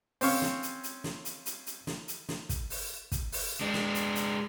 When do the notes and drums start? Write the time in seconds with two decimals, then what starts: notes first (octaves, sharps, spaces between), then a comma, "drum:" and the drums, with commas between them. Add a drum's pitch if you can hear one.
0.21 C4 C#4 F5 C#6, drum: open hi-hat
0.42 drum: snare
0.63 drum: hi-hat
0.83 drum: hi-hat
1.04 drum: snare
1.25 drum: hi-hat
1.46 drum: hi-hat
1.66 drum: hi-hat
1.87 drum: snare
2.08 drum: hi-hat
2.29 drum: snare
2.49 drum: kick, hi-hat
2.70 drum: open hi-hat
3.12 drum: kick, hi-hat
3.32 drum: open hi-hat
3.61 G#3 D4
3.74 drum: snare
3.95 drum: hi-hat
4.15 drum: hi-hat